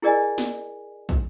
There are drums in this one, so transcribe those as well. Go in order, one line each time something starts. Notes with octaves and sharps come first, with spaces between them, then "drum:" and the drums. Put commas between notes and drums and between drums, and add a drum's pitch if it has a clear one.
E4 G#4 A#4 D5 D#5 G#5
drum: snare
drum: kick